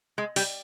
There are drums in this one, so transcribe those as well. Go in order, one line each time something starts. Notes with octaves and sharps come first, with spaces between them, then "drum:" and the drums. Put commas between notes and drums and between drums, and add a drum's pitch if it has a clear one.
G#3
G3, drum: open hi-hat